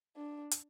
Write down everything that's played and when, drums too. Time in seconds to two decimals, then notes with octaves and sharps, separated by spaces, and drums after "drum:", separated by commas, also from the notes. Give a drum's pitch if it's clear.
0.16 D4
0.51 drum: hi-hat